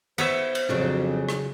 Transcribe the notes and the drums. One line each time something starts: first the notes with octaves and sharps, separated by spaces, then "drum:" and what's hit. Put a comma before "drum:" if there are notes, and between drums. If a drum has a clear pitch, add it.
B3 C5 C#5 E5, drum: cymbal
drum: cymbal
F2 C#3 F#3 D4
drum: rim click